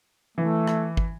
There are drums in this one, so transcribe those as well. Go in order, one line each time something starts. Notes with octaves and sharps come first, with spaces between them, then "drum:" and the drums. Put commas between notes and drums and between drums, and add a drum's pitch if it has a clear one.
E3 A3
drum: rim click
drum: kick